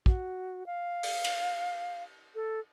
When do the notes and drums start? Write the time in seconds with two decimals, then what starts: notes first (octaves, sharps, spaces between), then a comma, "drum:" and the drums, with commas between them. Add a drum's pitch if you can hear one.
0.06 F#4, drum: kick
0.66 F5
1.03 drum: open hi-hat
1.24 drum: cymbal
2.35 A4